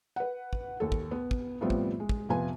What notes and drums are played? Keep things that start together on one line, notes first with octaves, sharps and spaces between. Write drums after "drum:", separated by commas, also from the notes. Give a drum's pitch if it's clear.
B4 F#5
drum: kick
D#2 A4
drum: kick
B3
drum: kick
A2 F3 G3 B3 C4
drum: kick
G#3
drum: kick
F2 C3 B3 F4 B4 G#5